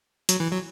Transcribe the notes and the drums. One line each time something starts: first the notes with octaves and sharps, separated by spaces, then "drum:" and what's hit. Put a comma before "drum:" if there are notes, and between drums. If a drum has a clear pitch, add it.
F#3, drum: hi-hat
E3
F#3